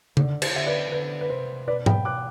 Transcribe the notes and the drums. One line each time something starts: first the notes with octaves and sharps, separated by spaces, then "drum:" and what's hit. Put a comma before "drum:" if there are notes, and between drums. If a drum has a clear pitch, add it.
D3, drum: tom C#3
C5, drum: cymbal
D3 E5
B4 D5
D3 B4
B4
C3 C5
B2 B4 D5
G5 B5, drum: tom G#2
D6 F#6